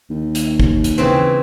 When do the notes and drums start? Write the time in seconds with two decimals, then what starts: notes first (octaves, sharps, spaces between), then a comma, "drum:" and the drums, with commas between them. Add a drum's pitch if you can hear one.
0.10 D#2
0.35 drum: hi-hat
0.60 drum: kick
0.84 drum: hi-hat
0.98 C#3 E3 C4